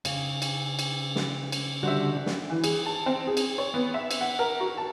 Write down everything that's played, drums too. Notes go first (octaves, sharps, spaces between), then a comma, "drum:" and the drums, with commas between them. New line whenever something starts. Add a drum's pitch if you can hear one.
C#3, drum: cymbal
drum: cymbal
drum: cymbal
drum: snare
drum: cymbal
D3 G3 F#4 C5 E5
drum: snare
E3
G#4, drum: cymbal
A5
C4
G#4
drum: cymbal
C#5
B3
E5
drum: cymbal
F#5
A#4
F#4
A5